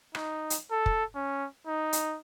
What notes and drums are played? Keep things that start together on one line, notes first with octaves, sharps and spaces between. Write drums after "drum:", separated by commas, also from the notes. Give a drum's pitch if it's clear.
D#4, drum: rim click
drum: hi-hat
A4
drum: kick
C#4
D#4
drum: hi-hat